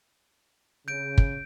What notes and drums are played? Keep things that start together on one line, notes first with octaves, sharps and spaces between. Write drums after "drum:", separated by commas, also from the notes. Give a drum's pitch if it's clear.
C#3 G6 D7
drum: kick